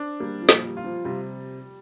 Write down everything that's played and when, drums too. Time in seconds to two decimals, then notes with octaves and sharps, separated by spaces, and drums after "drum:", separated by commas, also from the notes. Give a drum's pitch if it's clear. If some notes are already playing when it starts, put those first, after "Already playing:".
Already playing: C4 D4
0.20 G3 A#3
0.42 F3
0.49 A#2, drum: snare
0.63 G3
0.77 F4
0.84 F3
1.04 C3 G3